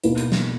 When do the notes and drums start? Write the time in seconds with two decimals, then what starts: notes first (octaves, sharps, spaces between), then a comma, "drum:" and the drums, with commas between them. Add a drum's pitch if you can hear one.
0.04 B2 A#3 E4 B4, drum: hi-hat
0.18 drum: hi-hat
0.32 drum: snare